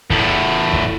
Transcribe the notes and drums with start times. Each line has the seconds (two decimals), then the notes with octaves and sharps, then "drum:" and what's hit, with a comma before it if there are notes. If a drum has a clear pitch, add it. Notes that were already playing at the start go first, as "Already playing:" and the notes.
0.10 E2 A2, drum: kick
0.73 drum: kick